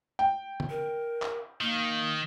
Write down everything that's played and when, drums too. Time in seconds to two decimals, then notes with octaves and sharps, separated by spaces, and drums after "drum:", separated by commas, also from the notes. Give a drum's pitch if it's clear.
0.19 G5
0.60 drum: tom
0.70 A#4
1.22 drum: clap
1.61 D#3 A#3